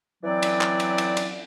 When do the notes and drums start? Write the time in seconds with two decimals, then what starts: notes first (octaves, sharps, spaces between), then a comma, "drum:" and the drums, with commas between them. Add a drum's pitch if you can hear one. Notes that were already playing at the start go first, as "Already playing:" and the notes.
0.24 E3 F#3 C4 D5
0.42 drum: cymbal
0.61 drum: clap
0.80 drum: cymbal
0.98 drum: cymbal
1.17 drum: cymbal